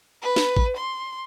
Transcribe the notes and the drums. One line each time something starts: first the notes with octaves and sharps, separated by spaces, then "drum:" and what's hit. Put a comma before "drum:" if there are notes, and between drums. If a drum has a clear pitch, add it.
B4
drum: snare
drum: kick A1
C6